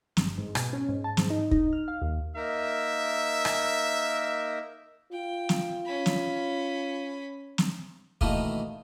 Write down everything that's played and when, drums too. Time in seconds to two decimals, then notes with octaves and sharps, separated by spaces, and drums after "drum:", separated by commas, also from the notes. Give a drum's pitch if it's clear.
0.17 G1, drum: snare
0.38 G#2
0.55 B2, drum: rim click
0.73 C#4
0.89 G#2
1.04 A5
1.17 G#2, drum: snare
1.30 D#4
1.51 D#4, drum: kick
1.73 F6
1.88 F5
2.02 D#2
2.36 A#3 D#4 A#4 E5
3.45 drum: rim click
5.13 F4 G5
5.49 drum: snare
5.86 C#4 B5
6.06 drum: snare
7.58 drum: snare
8.21 B2 D#3 E3 A3 A#3, drum: kick